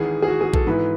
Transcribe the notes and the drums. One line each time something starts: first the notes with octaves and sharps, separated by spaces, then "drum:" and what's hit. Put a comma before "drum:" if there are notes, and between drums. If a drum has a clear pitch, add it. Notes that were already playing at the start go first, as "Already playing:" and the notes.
Already playing: G#1 G#2 E3 G#4
G#4
F#4
G#4
A4, drum: kick
G#2 E3 B3 E4 B4